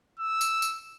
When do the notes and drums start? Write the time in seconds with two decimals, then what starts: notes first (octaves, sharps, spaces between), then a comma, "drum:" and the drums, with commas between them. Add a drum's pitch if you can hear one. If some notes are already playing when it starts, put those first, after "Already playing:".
0.19 E6
0.41 drum: tambourine
0.62 drum: tambourine